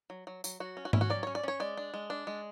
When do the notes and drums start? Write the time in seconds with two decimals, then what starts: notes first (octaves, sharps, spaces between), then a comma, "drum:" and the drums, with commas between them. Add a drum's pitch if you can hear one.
0.10 F#3
0.27 F#3
0.44 F#3, drum: tambourine
0.60 F#3 F#4
0.77 C#4
0.85 F#4
0.93 C#4 E4, drum: tom G#2
1.01 F#4
1.10 F#3 D5
1.23 C#4 C#5
1.35 D5
1.43 C#4 C#5
1.60 G#3 D5
1.77 D4
1.94 G#3
2.10 D4
2.27 G#3